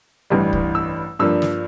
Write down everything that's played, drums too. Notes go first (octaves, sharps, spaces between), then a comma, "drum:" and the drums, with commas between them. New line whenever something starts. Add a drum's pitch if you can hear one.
A1 G2 E3 G3
drum: kick C2
E6
G2 F3 A#3 D4 E6
drum: snare